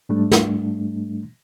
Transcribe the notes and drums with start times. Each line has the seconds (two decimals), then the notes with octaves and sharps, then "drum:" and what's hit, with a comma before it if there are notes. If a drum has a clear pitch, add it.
0.09 G#2 G3 A3 D4
0.31 drum: snare